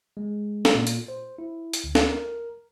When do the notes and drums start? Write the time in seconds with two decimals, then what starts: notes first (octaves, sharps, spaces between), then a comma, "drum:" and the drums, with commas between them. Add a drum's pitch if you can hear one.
0.17 G#3
0.65 drum: snare
0.75 A#2
0.87 drum: hi-hat
1.08 C5
1.38 E4
1.73 drum: hi-hat
1.84 D2
1.95 drum: snare
2.09 A#4